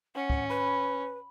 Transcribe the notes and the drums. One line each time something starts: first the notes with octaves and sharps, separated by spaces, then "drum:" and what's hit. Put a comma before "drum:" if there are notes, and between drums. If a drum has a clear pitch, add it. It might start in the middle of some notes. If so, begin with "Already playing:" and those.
C#4 F#5
drum: kick
B4 B5